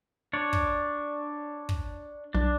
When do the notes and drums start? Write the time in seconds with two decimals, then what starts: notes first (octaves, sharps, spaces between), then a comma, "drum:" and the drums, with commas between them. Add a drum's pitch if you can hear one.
0.33 D4 C#5 D5
0.53 drum: kick
1.69 drum: kick
2.35 B1 D4